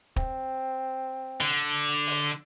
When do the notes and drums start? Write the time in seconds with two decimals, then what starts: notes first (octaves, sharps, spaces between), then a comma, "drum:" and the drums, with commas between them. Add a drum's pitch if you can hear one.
0.16 C4, drum: kick
1.41 D3
2.07 drum: open hi-hat